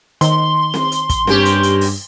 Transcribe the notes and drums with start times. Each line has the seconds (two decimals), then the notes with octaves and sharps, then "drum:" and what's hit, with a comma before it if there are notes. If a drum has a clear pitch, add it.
0.21 D#3 D#4 C5 C6, drum: hi-hat
0.74 drum: snare C4
0.92 drum: hi-hat
1.10 drum: kick, hi-hat
1.27 G2 A#3 C#4 G4, drum: snare C4
1.45 drum: hi-hat
1.63 drum: hi-hat
1.81 drum: open hi-hat